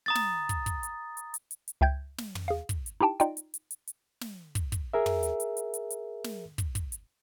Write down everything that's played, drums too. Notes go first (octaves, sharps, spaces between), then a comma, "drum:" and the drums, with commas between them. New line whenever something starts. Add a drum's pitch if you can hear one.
A#5 D#6 A6
drum: snare
drum: kick, hi-hat
drum: kick, hi-hat
drum: hi-hat
drum: hi-hat
drum: hi-hat
drum: hi-hat
drum: hi-hat
C#2 E5 G5 G6 G#6
drum: snare
drum: tom
G#4 F5
drum: kick, hi-hat
drum: hi-hat
D#4 E4 G4 G5 A5
D#4 F4 D5 D#5 G5, drum: hi-hat
drum: hi-hat
drum: hi-hat
drum: hi-hat
drum: hi-hat
drum: snare
drum: kick, hi-hat
drum: kick, hi-hat
G#4 A#4 E5
drum: tom
drum: hi-hat
drum: hi-hat
drum: hi-hat
drum: hi-hat
drum: hi-hat
drum: snare
drum: kick, hi-hat
drum: kick, hi-hat
drum: hi-hat